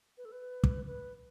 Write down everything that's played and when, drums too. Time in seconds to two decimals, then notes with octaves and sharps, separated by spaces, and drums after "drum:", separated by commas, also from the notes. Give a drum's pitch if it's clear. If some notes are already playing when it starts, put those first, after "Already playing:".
0.18 B4
0.25 A4
0.32 B4
0.64 drum: kick
0.87 B4